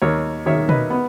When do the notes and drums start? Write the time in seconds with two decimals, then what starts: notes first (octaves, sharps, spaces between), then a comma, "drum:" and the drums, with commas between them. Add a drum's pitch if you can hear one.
0.02 D#2 A#4 C#5
0.46 D#3 C#5 E5
0.69 B4 D#5, drum: tom
0.90 B3